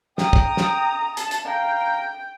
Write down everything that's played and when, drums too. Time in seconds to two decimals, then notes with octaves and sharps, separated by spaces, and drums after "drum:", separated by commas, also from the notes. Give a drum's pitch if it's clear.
0.18 G5 A#5 D#6, drum: snare
0.33 drum: kick
0.57 drum: snare
1.17 A5, drum: hi-hat
1.31 drum: hi-hat
1.47 F5 G5 A#5